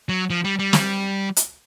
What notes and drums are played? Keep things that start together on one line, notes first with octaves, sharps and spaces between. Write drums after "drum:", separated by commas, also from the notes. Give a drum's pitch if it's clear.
F#3
F3
G3
G3
drum: snare
drum: hi-hat